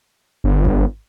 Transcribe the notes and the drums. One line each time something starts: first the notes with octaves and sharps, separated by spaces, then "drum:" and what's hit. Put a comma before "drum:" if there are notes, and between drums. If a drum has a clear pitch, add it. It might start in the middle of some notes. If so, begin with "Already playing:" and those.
G1
drum: kick G#1